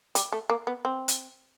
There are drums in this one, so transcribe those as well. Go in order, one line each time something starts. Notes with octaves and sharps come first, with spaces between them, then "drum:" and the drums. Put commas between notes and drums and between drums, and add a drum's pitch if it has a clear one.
G3, drum: hi-hat
A3
A#3
B3
C4
drum: hi-hat